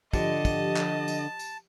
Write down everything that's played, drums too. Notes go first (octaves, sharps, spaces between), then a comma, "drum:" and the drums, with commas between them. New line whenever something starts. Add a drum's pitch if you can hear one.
D3 F3 G4 D#5 A5, drum: kick, tambourine
drum: kick, tambourine
drum: clap
drum: tambourine
drum: tambourine